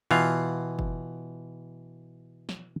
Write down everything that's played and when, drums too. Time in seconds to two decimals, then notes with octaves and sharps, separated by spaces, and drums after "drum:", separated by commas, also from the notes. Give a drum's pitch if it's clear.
0.11 B2 E3 F4 F5, drum: cymbal
0.79 drum: kick F#1
2.49 drum: snare